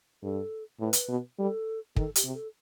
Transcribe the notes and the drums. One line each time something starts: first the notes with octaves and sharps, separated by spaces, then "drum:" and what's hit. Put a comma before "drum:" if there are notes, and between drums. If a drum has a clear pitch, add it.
G2 A4
A2 B4
drum: hi-hat
B2
G3 A4
D#3 A4, drum: kick
G4, drum: hi-hat
C3
A4